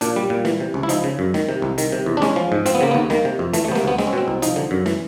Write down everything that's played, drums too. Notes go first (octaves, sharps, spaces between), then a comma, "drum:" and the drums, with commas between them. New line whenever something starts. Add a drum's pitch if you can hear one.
A#2 D4, drum: hi-hat
G3
A#2
E3, drum: snare
C3
C#2
E4
F3 D#4, drum: hi-hat
C#3
F#2
D#3, drum: snare
C3
C2
D#3, drum: hi-hat
C3
E2
D4
G#3 C#4, drum: snare
F3
G#2
F3 C4, drum: hi-hat
B3
C#3 A#3
D#2 B3
D#3 A#3, drum: snare
C3
F2
E3 A3, drum: hi-hat
A3
C3 B3
A#3, drum: snare
D2 B3
G#3 C4, drum: snare
C#4
B2 C4
C2
F3 D#4, drum: hi-hat
D3
F#2
E3, drum: snare